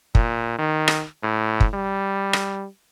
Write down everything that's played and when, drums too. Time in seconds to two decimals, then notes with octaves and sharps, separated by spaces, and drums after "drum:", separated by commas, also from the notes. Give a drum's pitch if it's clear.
0.15 A#2, drum: kick
0.58 D#3
0.88 drum: rim click
1.23 A2
1.60 drum: kick
1.74 G3
2.33 drum: rim click